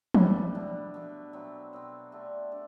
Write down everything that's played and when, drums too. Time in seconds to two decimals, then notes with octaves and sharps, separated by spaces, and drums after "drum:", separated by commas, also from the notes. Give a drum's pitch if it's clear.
0.14 A2 G3 D4, drum: tom
0.54 B2 A3 D4
0.94 B2 A3 D4
1.33 B2 F#3 C4
1.73 B2 F#3 C4
2.12 D3 A3 D4 G4
2.52 A3 D4